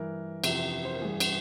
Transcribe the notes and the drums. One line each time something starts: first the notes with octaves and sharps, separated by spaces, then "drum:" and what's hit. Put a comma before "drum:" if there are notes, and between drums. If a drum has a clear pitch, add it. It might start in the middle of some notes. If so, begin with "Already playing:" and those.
Already playing: G2 E3 A#4
F2 C3 E3, drum: cymbal
C5
A#4
G2 E3 G#4
drum: cymbal